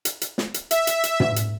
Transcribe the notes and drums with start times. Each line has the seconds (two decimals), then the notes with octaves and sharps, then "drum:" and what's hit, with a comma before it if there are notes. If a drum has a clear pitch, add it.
0.05 drum: hi-hat
0.21 drum: hi-hat
0.38 drum: snare
0.54 drum: hi-hat
0.71 E5, drum: hi-hat
0.87 drum: hi-hat
1.04 drum: hi-hat
1.20 drum: tom
1.36 drum: hi-hat